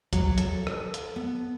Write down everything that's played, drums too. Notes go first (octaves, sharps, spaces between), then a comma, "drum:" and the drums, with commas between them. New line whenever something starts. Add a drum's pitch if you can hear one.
F#3, drum: kick, hi-hat
A4, drum: hi-hat
drum: rim click
drum: hi-hat
B3